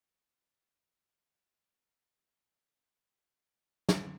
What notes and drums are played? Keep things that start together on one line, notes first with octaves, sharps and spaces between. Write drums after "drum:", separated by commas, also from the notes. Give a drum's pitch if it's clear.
G1 F#2
C4
D#5
drum: snare